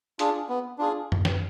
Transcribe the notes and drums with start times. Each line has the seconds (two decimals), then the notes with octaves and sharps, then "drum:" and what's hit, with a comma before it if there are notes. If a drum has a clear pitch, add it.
0.19 D4 F4 G#4, drum: hi-hat
0.49 B3
0.78 D4 F4 G#4
1.12 drum: tom F#2
1.25 drum: snare